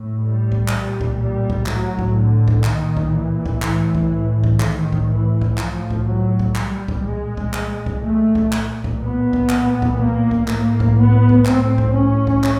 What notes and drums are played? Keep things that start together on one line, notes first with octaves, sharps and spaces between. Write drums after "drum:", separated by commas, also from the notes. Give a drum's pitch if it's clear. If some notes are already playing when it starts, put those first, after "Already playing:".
Already playing: A2
G3
drum: kick C2
A#2, drum: clap
drum: kick C2
G3
drum: kick C2
A2 F#3, drum: clap
drum: kick C2
D3
drum: kick C2
A#2 D#3, drum: clap
drum: kick C2
E3
drum: kick C2
A2, drum: clap
drum: kick C2
drum: kick C2
A2 D#3, drum: clap
drum: kick C2
E3
drum: kick C2
A2 F3, drum: clap
drum: kick C2
F#3
drum: kick C2
A#2 G3, drum: clap
drum: kick C2
G#3
drum: kick C2
A#2, drum: clap
drum: kick C2
A3
drum: kick C2
A#2, drum: clap
drum: kick C2
B3
drum: kick C2
A#2, drum: clap
drum: kick C2
A#3
drum: kick C2
A2 A#3, drum: clap
drum: kick C2
B3
drum: kick C2
A2 C4, drum: clap
drum: kick C2
C#4
drum: kick C2
drum: clap